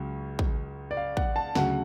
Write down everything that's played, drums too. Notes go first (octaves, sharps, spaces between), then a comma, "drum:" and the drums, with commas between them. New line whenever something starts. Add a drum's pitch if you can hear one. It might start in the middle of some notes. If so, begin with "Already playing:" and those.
Already playing: C#2 C#3 F#3
drum: kick
D5
F5
F#5, drum: kick
A5
D2 C#3 F#3 F#5, drum: snare